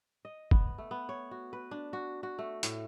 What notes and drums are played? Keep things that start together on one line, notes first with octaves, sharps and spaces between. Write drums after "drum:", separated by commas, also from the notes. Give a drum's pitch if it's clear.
D#5
B3, drum: kick
A3
B3
C#5
F#4
B4
D4
F#4
F#4
A3
A2, drum: hi-hat